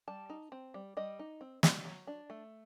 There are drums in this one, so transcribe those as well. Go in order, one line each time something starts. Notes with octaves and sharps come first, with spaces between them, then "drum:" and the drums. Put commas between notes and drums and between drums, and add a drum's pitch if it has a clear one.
G3 A5
D#4
C4
G3
G3 D#5
D#4
C4
G3, drum: snare
F#3
D4
A3